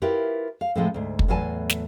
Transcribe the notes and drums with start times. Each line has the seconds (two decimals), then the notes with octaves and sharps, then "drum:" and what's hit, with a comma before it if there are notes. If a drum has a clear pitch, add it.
0.02 E4 F4 G4 A#4 B4
0.61 F5
0.75 A2 C3 F3 G#3 C4
0.94 D2 G#2
1.19 drum: kick
1.28 E2 A2 F#3 B4 G#5 A5
1.69 drum: snare